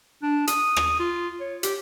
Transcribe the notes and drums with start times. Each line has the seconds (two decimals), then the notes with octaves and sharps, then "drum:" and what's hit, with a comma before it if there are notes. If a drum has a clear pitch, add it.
0.23 D4
0.47 D#6, drum: hi-hat
0.76 drum: rim click
1.00 F4
1.40 C#5
1.63 G4, drum: hi-hat